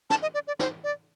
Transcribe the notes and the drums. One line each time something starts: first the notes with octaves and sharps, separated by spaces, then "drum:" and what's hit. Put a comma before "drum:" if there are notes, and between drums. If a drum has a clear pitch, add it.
A5, drum: snare
D#5
D5
D5
C5, drum: snare
D5